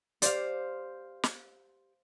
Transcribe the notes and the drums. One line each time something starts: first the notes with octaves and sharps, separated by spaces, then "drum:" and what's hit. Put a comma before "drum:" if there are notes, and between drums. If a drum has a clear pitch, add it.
G4 C5 D5 F5, drum: hi-hat
drum: snare